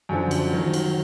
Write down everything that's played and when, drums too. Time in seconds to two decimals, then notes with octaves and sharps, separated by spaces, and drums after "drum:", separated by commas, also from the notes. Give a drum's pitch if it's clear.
0.09 F#2 D3 F3
0.31 drum: cymbal
0.53 D#3 F#3
0.74 drum: cymbal